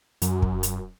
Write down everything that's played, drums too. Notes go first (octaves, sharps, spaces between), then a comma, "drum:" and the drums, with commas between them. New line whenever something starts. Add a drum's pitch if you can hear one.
F#2, drum: hi-hat
drum: kick
drum: hi-hat